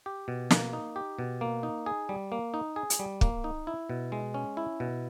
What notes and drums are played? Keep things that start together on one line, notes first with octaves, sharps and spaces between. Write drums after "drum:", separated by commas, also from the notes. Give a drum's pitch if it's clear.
G4
B2
A#3, drum: snare
D#4
G4
B2
A#3
D#4
G#4
G3
A#3
D#4
G#4
drum: hi-hat
G3
A#3, drum: kick
D#4
E4
B2
G#3
C#4
E4
B2